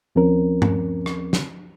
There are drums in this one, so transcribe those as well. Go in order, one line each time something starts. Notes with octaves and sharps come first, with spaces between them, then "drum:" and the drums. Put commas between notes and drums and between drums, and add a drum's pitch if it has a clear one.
D#2 F3 C4 C#4 A#4
drum: tom G2
drum: rim click
drum: snare